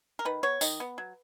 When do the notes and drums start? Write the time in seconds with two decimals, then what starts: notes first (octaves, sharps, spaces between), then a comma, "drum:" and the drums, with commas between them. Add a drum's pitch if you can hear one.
0.19 A#4
0.25 D#3 B4
0.43 B3 C#5
0.61 D#3 D#5, drum: tambourine
0.80 B3
0.98 F#3